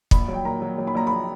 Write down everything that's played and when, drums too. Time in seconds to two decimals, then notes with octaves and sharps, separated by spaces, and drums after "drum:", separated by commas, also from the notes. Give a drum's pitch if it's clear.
0.11 A#1 B5, drum: kick
0.28 F#3
0.34 G5
0.45 A#2 A#5
0.62 F#3
0.78 F#3
0.87 B5
0.95 A#1 A#5
1.07 A#1 B5